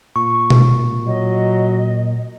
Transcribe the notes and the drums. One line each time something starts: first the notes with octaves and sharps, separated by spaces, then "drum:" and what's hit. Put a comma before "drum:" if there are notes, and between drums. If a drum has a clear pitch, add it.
A#2 C#6
drum: tom B2
F#3 D#5